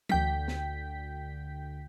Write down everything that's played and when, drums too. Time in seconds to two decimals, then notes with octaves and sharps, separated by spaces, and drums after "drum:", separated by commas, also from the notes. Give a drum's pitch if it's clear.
0.09 D2 G5 B6, drum: tom E3
0.48 drum: snare